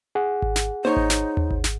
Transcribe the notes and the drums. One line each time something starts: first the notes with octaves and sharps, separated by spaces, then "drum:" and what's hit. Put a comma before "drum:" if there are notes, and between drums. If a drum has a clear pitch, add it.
G#4 F#5
drum: kick G#1
drum: snare
D#4 C5 C#5, drum: tom A#3
drum: kick G#1
drum: snare
drum: tom D#2
drum: kick G#1
drum: snare